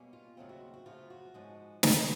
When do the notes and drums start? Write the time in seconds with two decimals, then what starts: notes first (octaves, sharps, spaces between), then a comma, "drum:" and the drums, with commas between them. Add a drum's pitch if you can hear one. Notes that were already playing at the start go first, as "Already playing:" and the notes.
Already playing: B2 G3 A#3 C#4
0.13 F4
0.37 D#2 C#3 F#3 A3 C4 F4
0.49 F#4
0.74 F#4
0.86 F#2 C#3 F3 A3 F4
1.10 F#4
1.34 G#2 F3 G#3 C#4
1.83 D2 C3 E3 A4 B4, drum: snare